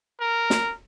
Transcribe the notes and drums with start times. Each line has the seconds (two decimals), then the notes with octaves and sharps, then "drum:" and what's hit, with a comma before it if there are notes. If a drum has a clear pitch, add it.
0.20 A#4
0.50 drum: snare